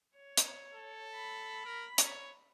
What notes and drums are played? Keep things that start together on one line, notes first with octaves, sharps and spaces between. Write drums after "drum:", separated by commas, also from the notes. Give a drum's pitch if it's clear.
C#5
drum: hi-hat
A4
B5
A#4
C#5, drum: hi-hat